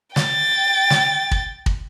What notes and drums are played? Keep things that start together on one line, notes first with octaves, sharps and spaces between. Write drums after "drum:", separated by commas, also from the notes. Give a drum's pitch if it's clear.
G5 A6, drum: snare
drum: snare
drum: kick
drum: kick